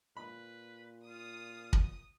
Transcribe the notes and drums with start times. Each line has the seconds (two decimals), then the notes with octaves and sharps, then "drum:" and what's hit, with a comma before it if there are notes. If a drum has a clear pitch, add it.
0.17 A#2 B4 B5
1.07 F4 D#6
1.73 drum: kick